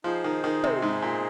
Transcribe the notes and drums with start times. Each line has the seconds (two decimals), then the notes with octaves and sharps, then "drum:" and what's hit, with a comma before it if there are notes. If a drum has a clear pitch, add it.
0.04 F3 D#4 G#4 C5
0.24 D#3
0.44 D#3
0.64 C3, drum: tom
0.82 G#2
1.02 A#2